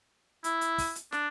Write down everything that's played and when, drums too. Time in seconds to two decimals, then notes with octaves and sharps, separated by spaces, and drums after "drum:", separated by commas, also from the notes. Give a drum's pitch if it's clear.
0.44 E4, drum: hi-hat
0.61 drum: hi-hat
0.78 drum: kick, open hi-hat
0.96 drum: hi-hat
1.12 D4, drum: snare